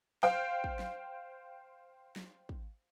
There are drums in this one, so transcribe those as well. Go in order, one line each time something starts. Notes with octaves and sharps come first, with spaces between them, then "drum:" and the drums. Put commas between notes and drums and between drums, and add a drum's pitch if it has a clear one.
C5 F5 G5, drum: snare
drum: kick
drum: snare
drum: snare
drum: kick